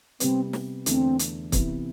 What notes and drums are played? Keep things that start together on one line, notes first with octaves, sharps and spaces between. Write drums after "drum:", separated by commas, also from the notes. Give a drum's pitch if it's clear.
C3 G3 B3 C4, drum: hi-hat
drum: snare
E2 D3 A3 C4, drum: hi-hat
drum: hi-hat
C3 E3 B3 E4, drum: kick, hi-hat